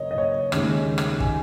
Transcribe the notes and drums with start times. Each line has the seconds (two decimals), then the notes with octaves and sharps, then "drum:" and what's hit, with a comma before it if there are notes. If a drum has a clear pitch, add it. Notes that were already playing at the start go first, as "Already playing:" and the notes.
Already playing: F#1 A#3 C#5 D#5
0.11 D#5
0.18 C#5
0.52 D#2 C#3 G#3 C#5, drum: rim click
0.98 drum: rim click
1.20 G#5, drum: kick